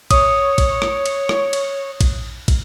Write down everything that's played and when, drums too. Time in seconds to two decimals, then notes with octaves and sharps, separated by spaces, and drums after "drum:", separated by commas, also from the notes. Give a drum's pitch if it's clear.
0.11 C#5 D#6, drum: kick, cymbal
0.58 drum: kick, cymbal
0.82 drum: rim click
1.06 drum: cymbal
1.29 drum: rim click
1.53 drum: cymbal
2.01 drum: kick, cymbal
2.48 drum: kick, cymbal